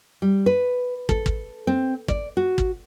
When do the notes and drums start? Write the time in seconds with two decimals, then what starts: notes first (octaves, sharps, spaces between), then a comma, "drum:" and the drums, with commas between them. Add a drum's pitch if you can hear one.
0.22 G3
0.46 B4
1.09 A4, drum: kick
1.26 drum: kick
1.67 C4
2.08 D5, drum: kick
2.37 F#4
2.58 drum: kick